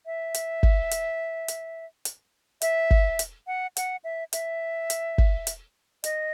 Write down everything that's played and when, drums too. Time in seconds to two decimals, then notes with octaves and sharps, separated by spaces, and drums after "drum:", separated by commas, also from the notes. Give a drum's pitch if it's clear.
0.06 E5
0.34 drum: hi-hat
0.63 drum: kick
0.91 drum: hi-hat
1.48 drum: hi-hat
2.05 drum: hi-hat
2.62 E5, drum: hi-hat
2.91 drum: kick
3.19 drum: hi-hat
3.47 F#5
3.77 F#5, drum: hi-hat
4.04 E5
4.33 E5, drum: hi-hat
4.90 drum: hi-hat
5.18 drum: kick
5.47 drum: hi-hat
6.04 D#5, drum: hi-hat